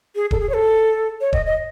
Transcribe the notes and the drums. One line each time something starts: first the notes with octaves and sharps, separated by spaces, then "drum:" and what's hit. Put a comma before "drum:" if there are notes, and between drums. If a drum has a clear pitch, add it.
G#4
A4, drum: kick D#1
G#4
C#5
A4
C#5
D#5, drum: kick D#1
D#5